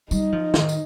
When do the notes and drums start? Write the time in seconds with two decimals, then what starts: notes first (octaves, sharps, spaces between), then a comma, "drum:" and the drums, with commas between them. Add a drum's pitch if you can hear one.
0.11 G3 D#4, drum: tambourine
0.32 F3
0.54 D#3, drum: snare
0.69 drum: tambourine